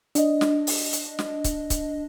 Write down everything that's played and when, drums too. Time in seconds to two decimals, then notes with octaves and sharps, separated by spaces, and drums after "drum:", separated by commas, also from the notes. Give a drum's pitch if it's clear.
0.15 D4 D#5, drum: hi-hat
0.41 drum: snare
0.67 drum: open hi-hat
0.93 drum: hi-hat
1.19 drum: snare
1.44 drum: kick C#1, hi-hat
1.70 drum: kick C#1, hi-hat